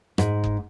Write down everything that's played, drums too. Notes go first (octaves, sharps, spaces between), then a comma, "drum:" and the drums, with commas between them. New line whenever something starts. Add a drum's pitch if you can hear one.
G#2, drum: rim click
drum: kick F#1